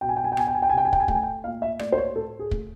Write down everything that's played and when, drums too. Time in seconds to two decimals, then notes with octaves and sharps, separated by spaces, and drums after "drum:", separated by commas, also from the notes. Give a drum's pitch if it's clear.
0.01 B2 G5
0.09 G#5
0.16 G5
0.24 G#5
0.32 G5
0.37 B3 G#5, drum: rim click
0.47 G5
0.55 G#5
0.62 G5
0.70 G#5
0.73 C3 G5
0.85 G#5
0.93 G5, drum: kick
1.00 G#5
1.08 A3 G5, drum: kick
1.15 G#5
1.23 G5
1.44 A#2 F5
1.62 E5
1.79 A3 D5, drum: rim click
1.92 C5
1.98 C#5
2.15 A2 A4
2.39 G#4
2.51 A3, drum: kick